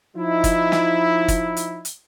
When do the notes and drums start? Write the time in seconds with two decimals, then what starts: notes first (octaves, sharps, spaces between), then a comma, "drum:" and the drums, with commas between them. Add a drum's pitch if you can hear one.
0.16 F3 D#4 E4
0.44 drum: kick, hi-hat
0.72 drum: snare
1.28 drum: kick, hi-hat
1.57 drum: hi-hat
1.85 drum: hi-hat